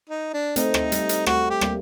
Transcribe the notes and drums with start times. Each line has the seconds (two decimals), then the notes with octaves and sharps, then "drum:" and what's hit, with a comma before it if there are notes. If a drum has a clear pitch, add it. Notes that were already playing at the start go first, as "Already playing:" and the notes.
0.09 D#4
0.33 D4
0.56 A3 C4 D#4, drum: hi-hat
0.74 drum: rim click
0.92 G3, drum: hi-hat
1.09 drum: hi-hat
1.26 A3 F#4, drum: rim click
1.50 G4
1.61 G3 A#3, drum: rim click